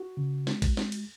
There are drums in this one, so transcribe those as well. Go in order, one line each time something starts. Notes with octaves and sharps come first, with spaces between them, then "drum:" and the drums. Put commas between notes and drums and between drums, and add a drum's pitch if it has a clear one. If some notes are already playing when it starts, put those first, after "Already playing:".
Already playing: F#4
C#3
G#3, drum: snare
drum: kick, cymbal
G#3, drum: snare
drum: cymbal